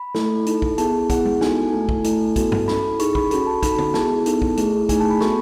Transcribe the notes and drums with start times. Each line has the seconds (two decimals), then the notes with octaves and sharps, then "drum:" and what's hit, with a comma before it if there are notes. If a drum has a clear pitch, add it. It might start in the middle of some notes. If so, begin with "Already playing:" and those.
Already playing: B5
0.15 A3 E4 A4, drum: snare
0.46 D#4 A4, drum: hi-hat
0.62 drum: kick
0.78 B3 E4 G#4 A5, drum: hi-hat
1.10 B3 E4 G#4 F#5, drum: kick, hi-hat
1.25 drum: tom G#3
1.41 B3 D#4 F#4 A4 G#5, drum: snare
1.73 A3 E4 A4
1.89 drum: kick
2.04 A3 E4 A4, drum: hi-hat
2.36 B3 F#4 A4, drum: kick, hi-hat
2.52 drum: tom G2
2.68 C#4 E4 A4 B5, drum: snare
3.00 D#4 G#4 C#6, drum: hi-hat
3.15 B5, drum: kick
3.31 C#4 F#4 A4 B5, drum: hi-hat
3.47 A5
3.63 D#4 F#4 A4 B5, drum: kick, hi-hat
3.78 drum: tom
3.94 B3 E4 G#4 A5, drum: snare
4.26 B3 D#4 A4, drum: hi-hat
4.42 drum: kick
4.57 A3 E4 G#4, drum: hi-hat
4.89 A3 D#4 G#4 G#5, drum: kick, hi-hat
5.00 A5
5.11 B5
5.21 B3 F#4 A4 C#6, drum: snare